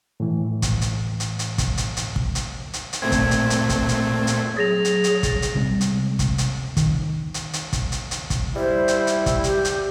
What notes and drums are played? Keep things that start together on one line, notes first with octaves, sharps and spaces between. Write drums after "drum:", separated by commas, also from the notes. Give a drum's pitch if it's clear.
A2 E3
drum: kick, hi-hat
drum: hi-hat
drum: hi-hat
drum: hi-hat
drum: kick, hi-hat
drum: hi-hat
drum: hi-hat
drum: kick
drum: hi-hat
drum: hi-hat
drum: hi-hat
A#2 A3 C4 G#6
drum: kick, hi-hat
drum: hi-hat
drum: hi-hat
drum: kick, hi-hat
drum: hi-hat
drum: hi-hat
F#3 G#4 A6 A#6 F7
drum: hi-hat
drum: hi-hat
drum: kick, hi-hat
drum: hi-hat
C3 G3 G#3 C4
drum: hi-hat
drum: kick, hi-hat
drum: hi-hat
D#3, drum: kick, hi-hat
drum: hi-hat
drum: hi-hat
drum: kick, hi-hat
drum: hi-hat
drum: hi-hat
drum: kick, hi-hat
G3 E4 C5
drum: hi-hat
drum: hi-hat
drum: kick, hi-hat
G4, drum: hi-hat
drum: hi-hat